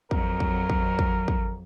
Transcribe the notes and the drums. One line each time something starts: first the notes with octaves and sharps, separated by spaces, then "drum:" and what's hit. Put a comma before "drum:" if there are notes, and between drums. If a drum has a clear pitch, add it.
F2 F#3 A#4, drum: kick
drum: kick
drum: kick
drum: kick
drum: kick